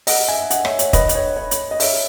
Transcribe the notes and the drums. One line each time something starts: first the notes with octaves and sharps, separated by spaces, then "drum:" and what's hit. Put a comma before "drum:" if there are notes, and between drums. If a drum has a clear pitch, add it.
D#5 F#5, drum: open hi-hat
E5 G#5
D#5 F#5, drum: hi-hat
C#5 E5, drum: rim click
C#5, drum: hi-hat
B4 D#5, drum: kick, hi-hat
D#5, drum: hi-hat
C#5
C#5
drum: hi-hat
D#5
C#5 E5, drum: open hi-hat